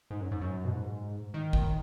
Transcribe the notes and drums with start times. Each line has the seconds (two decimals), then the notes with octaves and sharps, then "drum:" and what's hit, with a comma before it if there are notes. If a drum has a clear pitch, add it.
0.11 G#2
0.21 F#2
0.32 G#2
0.41 F#2
0.65 B2
0.73 G#2
1.34 D#3
1.53 drum: kick